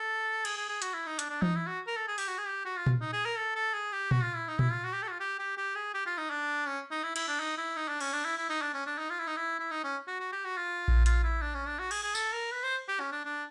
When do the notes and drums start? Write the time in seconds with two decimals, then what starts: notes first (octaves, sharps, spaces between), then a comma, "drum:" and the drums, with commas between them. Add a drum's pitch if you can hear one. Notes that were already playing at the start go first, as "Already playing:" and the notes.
Already playing: A4
0.45 G#4, drum: cymbal
0.57 G#4
0.69 G#4
0.82 F#4, drum: hi-hat
0.94 E4
1.06 D#4
1.19 D4, drum: hi-hat
1.30 D4
1.42 D#4, drum: tom E3
1.55 E4
1.67 F#4
1.87 A#4
1.97 A4
2.08 G#4
2.18 G4, drum: open hi-hat
2.28 F#4
2.38 G#4
2.46 G4
2.65 F#4
2.77 F4
2.86 drum: tom A#2
3.01 D#4
3.13 G#4
3.26 A#4
3.38 A4
3.55 A4
3.74 G#4
3.92 G4
4.11 F#4, drum: tom A#2
4.23 F4
4.36 E4
4.48 D#4
4.59 E4, drum: tom A#2
4.72 F4
4.84 F#4
4.93 G4
5.02 A4
5.08 F#4
5.11 F4
5.20 G4
5.39 G4
5.57 G4
5.75 G#4
5.94 G4
6.06 F4
6.18 D#4
6.30 D4
6.67 C#4
6.91 D#4
7.03 E4
7.16 E4, drum: cymbal
7.28 D4
7.40 D#4
7.58 E4
7.77 D#4
7.88 D4
8.01 C#4, drum: cymbal
8.13 D4
8.25 E4
8.38 E4
8.50 D#4
8.62 D4
8.74 C#4
8.86 D4
8.98 D#4
9.10 F4
9.19 E4
9.27 D#4
9.36 E4
9.59 E4
9.71 D#4
9.84 C#4
10.07 F#4
10.20 F#4
10.32 G4
10.45 F#4
10.57 F4
10.88 drum: kick A#1
11.06 F4, drum: hi-hat
11.24 E4
11.42 D4
11.55 C#4
11.66 D4
11.79 F#4
11.91 G#4, drum: cymbal
12.03 G#4
12.15 A4, drum: tambourine
12.33 A#4
12.52 B4
12.63 C5
12.88 G4
13.00 C#4
13.12 D4
13.25 D4